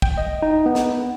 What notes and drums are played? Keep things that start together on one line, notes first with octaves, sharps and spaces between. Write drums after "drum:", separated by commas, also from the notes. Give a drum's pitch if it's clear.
G5, drum: kick
D#5
D#4
B3
drum: snare